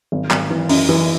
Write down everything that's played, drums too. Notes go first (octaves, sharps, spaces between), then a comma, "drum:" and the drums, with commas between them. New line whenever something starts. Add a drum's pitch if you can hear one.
G#1
G#1, drum: clap
E3
F#2, drum: open hi-hat
E3